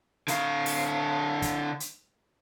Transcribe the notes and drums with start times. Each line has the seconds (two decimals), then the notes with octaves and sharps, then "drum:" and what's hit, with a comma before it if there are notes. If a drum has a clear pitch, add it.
0.28 D3 F5, drum: hi-hat
0.66 drum: open hi-hat
1.42 drum: kick, hi-hat
1.80 drum: hi-hat